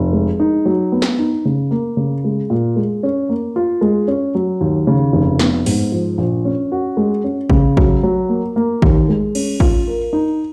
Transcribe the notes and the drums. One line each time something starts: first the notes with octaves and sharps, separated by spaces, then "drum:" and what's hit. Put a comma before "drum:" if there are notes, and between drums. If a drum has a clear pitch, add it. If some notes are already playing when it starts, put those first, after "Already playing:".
Already playing: F1
G#3
D#4
F#3
B3
drum: snare
D#4
C#3
A#3
C#3
G#3
A#2
G#3
C#4
A#3
F4
G#3
C#4
F#3
D#2
C#3
F1
B3, drum: snare
G#2, drum: open hi-hat
F3
A#1
C#4
F#4
G#3
C#4
C#3, drum: kick A1
F#3, drum: kick A1
F#3
A#3
A#3
D#2, drum: kick A1
G#3
C#4, drum: cymbal
F4, drum: kick A1
A#4
D#4